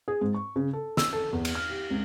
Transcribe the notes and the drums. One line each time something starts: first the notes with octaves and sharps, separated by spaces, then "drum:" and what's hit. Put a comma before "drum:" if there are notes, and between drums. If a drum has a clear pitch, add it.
G#4
G#2
C#6
C#3
A4
E6, drum: snare
A4
E2
drum: cymbal
F6
G4
C#2